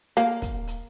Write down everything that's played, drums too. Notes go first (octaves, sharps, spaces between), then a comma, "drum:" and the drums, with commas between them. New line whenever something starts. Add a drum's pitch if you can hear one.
A#3
drum: kick, hi-hat
drum: hi-hat